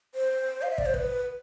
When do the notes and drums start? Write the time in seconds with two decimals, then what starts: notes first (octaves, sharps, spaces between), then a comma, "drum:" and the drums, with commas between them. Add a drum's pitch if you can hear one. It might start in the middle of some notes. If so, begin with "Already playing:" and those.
0.15 C5
0.62 F5
0.70 E5
0.78 D5, drum: kick
0.86 C5
0.94 B4, drum: kick